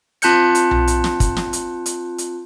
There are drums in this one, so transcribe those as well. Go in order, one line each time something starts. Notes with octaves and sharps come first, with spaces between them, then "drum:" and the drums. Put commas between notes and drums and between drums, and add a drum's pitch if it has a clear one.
C4 F4 A5 F#6 G6 C#7, drum: hi-hat
drum: hi-hat
drum: tom B1
drum: hi-hat
drum: snare
drum: kick, hi-hat
drum: snare
drum: hi-hat
drum: hi-hat
drum: hi-hat